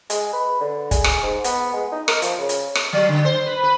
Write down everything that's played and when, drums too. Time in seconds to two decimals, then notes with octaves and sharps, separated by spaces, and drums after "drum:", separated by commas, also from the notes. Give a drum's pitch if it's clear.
0.10 G#3, drum: hi-hat
0.33 B4
0.61 D3
0.91 G#4, drum: kick, hi-hat
1.04 drum: rim click
1.23 G#2
1.44 B3, drum: hi-hat
1.73 G#3
1.92 D#4
2.08 A#4, drum: rim click
2.22 F3, drum: hi-hat
2.38 C#3
2.49 drum: hi-hat
2.75 drum: rim click
2.93 F#3
3.09 D3
3.25 C5
3.46 B4
3.63 B4